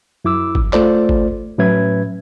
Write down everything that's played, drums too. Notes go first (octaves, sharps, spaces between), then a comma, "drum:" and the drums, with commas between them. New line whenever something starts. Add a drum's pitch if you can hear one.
F#2 E4 D6 E6
drum: kick
A3 F4 A4 C5 D5, drum: clap
drum: kick
A2 F#3 C#4 B4 E5 G#6